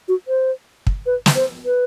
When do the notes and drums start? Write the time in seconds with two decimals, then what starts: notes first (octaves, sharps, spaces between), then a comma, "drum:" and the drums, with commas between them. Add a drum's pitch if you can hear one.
0.08 F#4
0.28 C5
0.87 drum: kick
1.06 B4
1.26 drum: snare
1.35 C5
1.65 B4